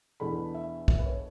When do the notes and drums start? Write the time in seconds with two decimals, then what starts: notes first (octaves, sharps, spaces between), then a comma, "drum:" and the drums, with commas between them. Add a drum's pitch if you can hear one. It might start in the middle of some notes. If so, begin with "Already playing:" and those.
0.20 E2 B2 A3 D4 B5
0.54 E5
0.88 E5, drum: kick
0.99 B4
1.06 C#5